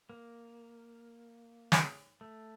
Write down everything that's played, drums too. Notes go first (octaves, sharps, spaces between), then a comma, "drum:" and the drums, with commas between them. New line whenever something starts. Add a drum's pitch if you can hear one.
A#3
drum: snare
A3